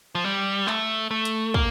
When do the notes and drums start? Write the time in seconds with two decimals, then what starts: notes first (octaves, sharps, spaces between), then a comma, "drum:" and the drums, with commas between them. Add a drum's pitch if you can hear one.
0.15 F3
0.24 G3
0.67 A3, drum: clap
1.11 A3
1.25 drum: hi-hat
1.54 A#3, drum: kick